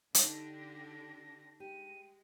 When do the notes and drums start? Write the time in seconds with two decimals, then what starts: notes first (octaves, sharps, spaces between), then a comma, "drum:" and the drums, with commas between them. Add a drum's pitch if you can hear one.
0.15 D3 D4 D#4 G4 A5 A#6, drum: hi-hat
1.60 G#3 G4 D#7